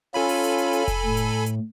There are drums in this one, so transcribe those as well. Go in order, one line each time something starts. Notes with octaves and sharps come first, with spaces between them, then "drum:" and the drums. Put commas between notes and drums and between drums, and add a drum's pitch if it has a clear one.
C#4 F4 A4 G#5 B5
drum: open hi-hat
drum: hi-hat
drum: hi-hat
drum: hi-hat
drum: kick F1, hi-hat
A2
drum: hi-hat
drum: hi-hat